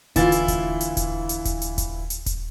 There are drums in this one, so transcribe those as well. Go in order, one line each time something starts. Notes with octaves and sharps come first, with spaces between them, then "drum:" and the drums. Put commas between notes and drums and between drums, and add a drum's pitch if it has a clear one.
D2 E3 E4 F4 A6, drum: kick D#1, hi-hat
drum: hi-hat
drum: kick D#1, hi-hat
drum: hi-hat
drum: kick D#1, hi-hat
drum: hi-hat
drum: kick D#1, hi-hat
drum: hi-hat
drum: kick D#1, hi-hat
drum: hi-hat
drum: kick D#1, hi-hat